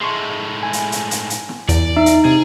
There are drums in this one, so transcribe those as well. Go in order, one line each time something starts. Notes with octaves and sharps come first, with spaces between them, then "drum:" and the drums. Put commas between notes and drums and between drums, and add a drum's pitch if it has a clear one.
A2 G#3 C6 C#6
G#5
drum: hi-hat
drum: hi-hat
drum: hi-hat
drum: hi-hat
drum: snare
E2 D5, drum: hi-hat
D#4 E5
drum: hi-hat
C3 G#4